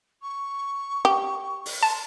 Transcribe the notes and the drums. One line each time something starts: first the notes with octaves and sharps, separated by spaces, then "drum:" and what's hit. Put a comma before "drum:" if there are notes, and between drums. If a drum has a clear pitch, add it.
C#6
G4
drum: open hi-hat
A5 C6